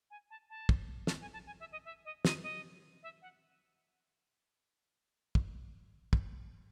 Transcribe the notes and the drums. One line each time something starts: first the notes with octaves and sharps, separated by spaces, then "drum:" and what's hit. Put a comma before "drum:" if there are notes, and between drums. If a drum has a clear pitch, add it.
G#5
A5
A5
drum: kick
A5, drum: snare
G#5
A5
G#5
E5
D#5
E5
D#5
D#5, drum: snare
D#5
E5
F#5
drum: kick
drum: kick